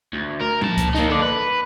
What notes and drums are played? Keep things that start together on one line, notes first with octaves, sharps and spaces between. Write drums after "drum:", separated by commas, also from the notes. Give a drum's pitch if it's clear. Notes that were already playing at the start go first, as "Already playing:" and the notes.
D2
A#4
A#2 A5, drum: tom F3
drum: kick C#2, hi-hat
A#3 D#4, drum: snare
A4 D5
B4